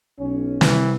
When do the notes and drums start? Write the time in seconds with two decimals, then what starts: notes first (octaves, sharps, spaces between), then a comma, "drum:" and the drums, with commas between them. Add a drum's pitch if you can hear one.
0.19 B1 C#4
0.61 C3 E3 G3, drum: snare